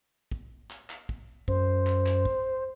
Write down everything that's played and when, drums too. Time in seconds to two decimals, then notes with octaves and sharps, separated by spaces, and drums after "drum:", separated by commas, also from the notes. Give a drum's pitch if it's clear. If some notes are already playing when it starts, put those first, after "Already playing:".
0.31 drum: kick
0.70 drum: clap
0.90 drum: clap
1.09 drum: kick
1.48 F#2 C5, drum: kick
1.87 drum: clap
2.06 drum: clap
2.25 drum: kick